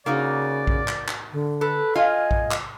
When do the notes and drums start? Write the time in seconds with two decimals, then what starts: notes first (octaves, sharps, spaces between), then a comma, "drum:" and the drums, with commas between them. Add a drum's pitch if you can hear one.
0.06 C#3 A#3 D#4 F#4 D5
0.67 drum: kick A#1
0.88 drum: clap
1.08 drum: clap
1.32 D3
1.61 A4 B4
1.96 F4 D#5 F5 G#5
2.31 drum: kick A#1
2.51 drum: clap